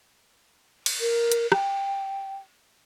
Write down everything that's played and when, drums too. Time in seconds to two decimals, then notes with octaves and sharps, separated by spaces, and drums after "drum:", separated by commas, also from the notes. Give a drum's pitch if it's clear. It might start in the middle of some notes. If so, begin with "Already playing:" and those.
0.86 drum: cymbal
1.01 A#4
1.32 drum: hi-hat
1.52 G5, drum: rim click